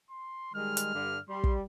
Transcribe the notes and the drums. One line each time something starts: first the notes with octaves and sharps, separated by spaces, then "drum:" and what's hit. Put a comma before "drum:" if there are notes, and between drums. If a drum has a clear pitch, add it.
C6
D#3 G3 G#3 F6
drum: hi-hat
G2 D3
G3 C6
drum: kick